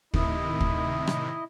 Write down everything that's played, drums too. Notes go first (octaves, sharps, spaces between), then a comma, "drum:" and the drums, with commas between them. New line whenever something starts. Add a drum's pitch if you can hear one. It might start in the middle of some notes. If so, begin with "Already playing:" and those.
A2 C3 D#3 E4 D#5, drum: kick
drum: kick
drum: rim click